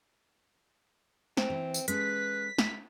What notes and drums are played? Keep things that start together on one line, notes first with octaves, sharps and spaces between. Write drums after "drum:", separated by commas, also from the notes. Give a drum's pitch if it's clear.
C4, drum: snare
E3
drum: tambourine
G#3 C#4 A4 B4 B6, drum: hi-hat
drum: snare